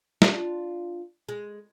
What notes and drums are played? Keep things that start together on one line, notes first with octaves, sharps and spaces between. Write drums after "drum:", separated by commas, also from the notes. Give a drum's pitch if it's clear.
D4 F4, drum: snare
G#3